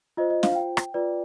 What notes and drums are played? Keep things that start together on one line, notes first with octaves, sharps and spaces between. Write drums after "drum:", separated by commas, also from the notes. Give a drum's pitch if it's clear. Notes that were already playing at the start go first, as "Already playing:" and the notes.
F4 C5 D#5
D#5
F5, drum: snare
G5
drum: rim click
F4 B4 D5